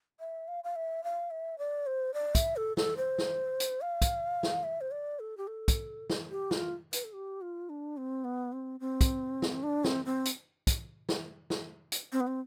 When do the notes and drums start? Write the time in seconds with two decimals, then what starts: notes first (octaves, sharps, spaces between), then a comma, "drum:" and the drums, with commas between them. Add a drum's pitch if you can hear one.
0.20 E5
0.48 F5
0.64 F5
0.76 E5
1.04 F5
1.31 E5
1.59 D5
1.87 C5
2.14 D5
2.35 E5, drum: kick, hi-hat
2.56 A4
2.77 A4, drum: snare
2.97 C5
3.18 drum: snare
3.60 drum: hi-hat
3.81 F5
4.02 drum: kick, hi-hat
4.43 drum: snare
4.64 E5
4.81 C5
4.91 D5
5.20 A4
5.37 G4
5.47 A4
5.68 drum: kick, hi-hat
6.10 drum: snare
6.31 G4
6.51 F4, drum: snare
6.93 B4, drum: hi-hat
7.04 A4
7.13 G4
7.41 F4
7.69 D4
7.97 C4
8.24 B3
8.52 C4
8.80 C4
9.01 drum: kick, hi-hat
9.42 drum: snare
9.63 D4
9.84 C4, drum: snare
10.05 C4
10.25 drum: hi-hat
10.67 drum: kick, hi-hat
11.09 drum: snare
11.50 drum: snare
11.92 drum: hi-hat
12.12 C4
12.20 B3
12.27 C4